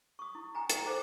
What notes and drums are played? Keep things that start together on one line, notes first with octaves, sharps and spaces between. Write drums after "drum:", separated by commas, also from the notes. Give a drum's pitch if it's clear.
C#6 D#6
E4
G5 G#5 A#5
G5, drum: hi-hat
A4 C5 D6